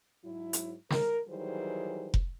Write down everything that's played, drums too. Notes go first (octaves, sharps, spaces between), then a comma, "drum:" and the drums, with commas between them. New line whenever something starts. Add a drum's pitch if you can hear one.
G#2 F#3 E4
drum: hi-hat
A#4, drum: snare
D#3 E3 F#3 G3 G#4 C5
drum: kick F1